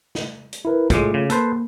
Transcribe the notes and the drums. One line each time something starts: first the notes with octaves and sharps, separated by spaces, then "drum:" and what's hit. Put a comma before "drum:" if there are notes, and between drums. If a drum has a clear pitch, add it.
drum: snare
drum: hi-hat
E4 A#4 B4
A2 G#3 A3 F4 D6, drum: kick, hi-hat
C#3
A#3 A4 B4 C5, drum: hi-hat